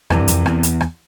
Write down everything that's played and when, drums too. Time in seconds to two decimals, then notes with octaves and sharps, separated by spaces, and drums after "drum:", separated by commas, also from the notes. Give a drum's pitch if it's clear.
0.10 C2 F2 C3 E3, drum: rim click
0.19 G2
0.28 F2, drum: hi-hat
0.46 E2, drum: rim click
0.63 drum: hi-hat
0.81 drum: rim click